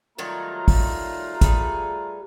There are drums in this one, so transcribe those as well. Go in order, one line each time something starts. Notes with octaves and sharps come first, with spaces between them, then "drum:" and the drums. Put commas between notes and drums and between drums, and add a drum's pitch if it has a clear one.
D#3 F#3 G3 A3 F4 A#5
drum: kick, open hi-hat
G3 G#4 B4, drum: kick, hi-hat